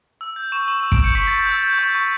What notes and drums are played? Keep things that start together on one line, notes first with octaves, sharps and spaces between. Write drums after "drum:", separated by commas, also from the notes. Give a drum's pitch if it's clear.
E6
G6
C#6 E7
C#6 F#7
E7
E6
D7, drum: kick
G6 C#7
C#6 B6
A6
C#6
G6
E6 A6
G6
C#6
C#6